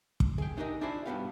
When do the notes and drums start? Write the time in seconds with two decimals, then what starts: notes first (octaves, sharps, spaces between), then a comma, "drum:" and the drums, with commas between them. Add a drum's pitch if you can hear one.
0.20 drum: kick
0.38 G#4 G5
0.57 D4 D#4 G4 G#4 A#4 D#5
0.81 D4 E4 F4 G#4 C5 D5
1.06 G2 B2 B3 G4 B4 F5